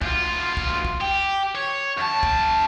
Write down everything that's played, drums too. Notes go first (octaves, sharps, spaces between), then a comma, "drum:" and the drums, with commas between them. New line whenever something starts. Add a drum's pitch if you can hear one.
D2 F4, drum: kick
drum: kick
drum: kick
G4
C#5
F#2 A5
drum: kick